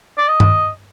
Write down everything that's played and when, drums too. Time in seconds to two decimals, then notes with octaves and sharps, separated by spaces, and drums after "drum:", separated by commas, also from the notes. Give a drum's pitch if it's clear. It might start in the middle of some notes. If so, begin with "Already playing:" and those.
0.18 D5
0.28 D#5
0.40 drum: tom G2